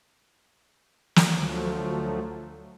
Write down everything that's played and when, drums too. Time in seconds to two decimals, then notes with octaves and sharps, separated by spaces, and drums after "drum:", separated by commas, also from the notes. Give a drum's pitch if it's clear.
1.16 drum: snare
1.31 D2 F3 F#3 A3